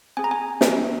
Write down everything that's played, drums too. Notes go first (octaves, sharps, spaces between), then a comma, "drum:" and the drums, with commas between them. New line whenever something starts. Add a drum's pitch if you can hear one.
C4 G#4 G#5
A#5
G#5
drum: snare